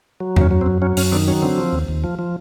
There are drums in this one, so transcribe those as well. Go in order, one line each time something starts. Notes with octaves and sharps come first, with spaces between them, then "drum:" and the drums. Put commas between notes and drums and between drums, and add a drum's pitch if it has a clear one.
F#3
F#2 C#4, drum: tom E2
F#3
C4
F#2
F#3 C#4
F#2 C#4, drum: open hi-hat
D#3 C4 D4
F#3 C#4
D3 C4
F3
D#2
D#2
F3
F3